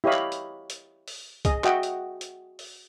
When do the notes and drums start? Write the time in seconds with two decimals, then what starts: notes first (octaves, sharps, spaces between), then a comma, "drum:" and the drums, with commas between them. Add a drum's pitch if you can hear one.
0.04 E4 G4 C#5 D#5 F5 B5
0.13 drum: clap
0.32 drum: hi-hat
0.70 drum: hi-hat
1.08 drum: open hi-hat
1.45 G#4 D#5, drum: kick C2, hi-hat
1.64 F#4 D#5 E5 F#5 G5, drum: clap
1.83 drum: hi-hat
2.21 drum: hi-hat
2.59 drum: open hi-hat